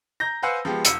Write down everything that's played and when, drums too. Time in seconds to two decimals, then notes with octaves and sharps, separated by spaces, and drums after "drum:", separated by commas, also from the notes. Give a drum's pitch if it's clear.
0.20 A#5 G6 A#6
0.43 B4 C5 F5 F#5 G#5 E6
0.65 F3 G#3 B3 G4
0.85 E1 E6 C#7, drum: hi-hat